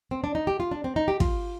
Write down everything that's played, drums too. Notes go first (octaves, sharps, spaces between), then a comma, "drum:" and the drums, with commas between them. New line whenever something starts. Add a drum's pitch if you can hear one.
C4
D4
D#4
G4
F4
D4
C4
D#4
G4
F4, drum: kick